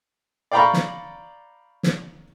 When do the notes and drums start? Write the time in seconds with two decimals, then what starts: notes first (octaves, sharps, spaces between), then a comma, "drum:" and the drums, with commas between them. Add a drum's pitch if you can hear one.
0.52 D5 F5 G5 A#5 B5 C#6
0.74 drum: snare
1.83 drum: snare